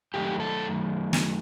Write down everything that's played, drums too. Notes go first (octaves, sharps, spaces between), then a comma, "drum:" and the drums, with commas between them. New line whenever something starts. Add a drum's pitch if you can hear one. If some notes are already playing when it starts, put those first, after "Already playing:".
F#2 D#3 A3 G4
A4
drum: snare